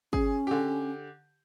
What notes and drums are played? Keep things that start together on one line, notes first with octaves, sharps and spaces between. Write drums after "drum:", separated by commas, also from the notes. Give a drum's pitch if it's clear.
C#4 G#4, drum: kick
D3 G4